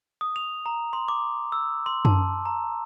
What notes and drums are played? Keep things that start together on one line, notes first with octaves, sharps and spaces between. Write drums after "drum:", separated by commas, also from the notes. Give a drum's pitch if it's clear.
D#6
F7
A#5
C6
D6
E6
C6
A5, drum: tom F#2
A#5